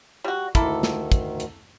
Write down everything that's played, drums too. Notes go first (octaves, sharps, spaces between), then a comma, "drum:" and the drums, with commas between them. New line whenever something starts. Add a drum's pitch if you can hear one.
G3 F#4
D2 D#3 A#3 E4 A4, drum: kick, hi-hat
drum: snare
drum: kick, hi-hat
drum: hi-hat